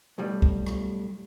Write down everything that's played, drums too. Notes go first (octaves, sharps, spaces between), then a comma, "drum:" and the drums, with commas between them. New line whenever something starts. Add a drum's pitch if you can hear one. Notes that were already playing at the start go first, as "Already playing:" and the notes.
B1 A2 G3
drum: kick
drum: rim click